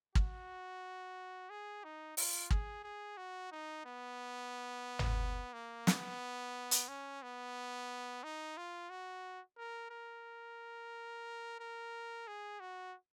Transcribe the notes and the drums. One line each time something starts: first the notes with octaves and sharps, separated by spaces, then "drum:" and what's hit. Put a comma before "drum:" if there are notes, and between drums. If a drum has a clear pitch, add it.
F#4, drum: kick
G#4
D#4
F4, drum: open hi-hat
G#4, drum: kick
G#4
F#4
D#4
B3
drum: tom
A#3
B3, drum: snare
drum: hi-hat
C#4
B3
D#4
F4
F#4
A#4
A#4
A#4
G#4
F#4